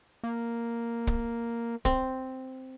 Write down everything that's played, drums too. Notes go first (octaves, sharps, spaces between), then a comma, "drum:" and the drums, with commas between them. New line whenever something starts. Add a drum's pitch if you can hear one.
A#3
drum: kick
C4, drum: kick